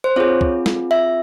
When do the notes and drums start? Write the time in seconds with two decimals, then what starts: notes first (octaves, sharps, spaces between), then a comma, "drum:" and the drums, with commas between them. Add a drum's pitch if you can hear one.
0.04 C5
0.16 C4 F4 G#4 C#5
0.41 drum: kick
0.66 drum: snare
0.91 E5